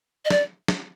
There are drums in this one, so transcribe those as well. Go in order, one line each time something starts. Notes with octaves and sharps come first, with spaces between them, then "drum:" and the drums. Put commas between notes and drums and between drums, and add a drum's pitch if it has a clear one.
D#5
D5, drum: snare
drum: snare